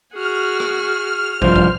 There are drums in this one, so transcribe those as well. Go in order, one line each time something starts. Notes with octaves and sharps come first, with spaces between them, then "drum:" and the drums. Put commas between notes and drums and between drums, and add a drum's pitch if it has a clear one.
F#4 G#4 F6
drum: rim click
C2 G2 F3 C5, drum: kick
drum: kick